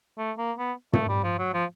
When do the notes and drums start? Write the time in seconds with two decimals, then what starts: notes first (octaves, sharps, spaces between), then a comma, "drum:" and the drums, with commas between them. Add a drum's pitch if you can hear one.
0.18 A3
0.38 A#3
0.58 B3
0.93 A3, drum: tom
1.09 G3
1.23 F3
1.39 F#3
1.54 F3